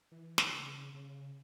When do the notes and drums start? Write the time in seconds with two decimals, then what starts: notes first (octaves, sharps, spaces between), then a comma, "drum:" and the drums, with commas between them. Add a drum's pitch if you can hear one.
0.12 E3
0.38 drum: snare
0.53 C#3
0.94 C#3